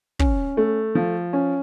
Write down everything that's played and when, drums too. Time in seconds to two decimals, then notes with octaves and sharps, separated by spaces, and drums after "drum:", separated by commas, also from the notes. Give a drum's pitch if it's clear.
0.19 C#4, drum: kick
0.57 A3
0.95 F3
1.33 C#4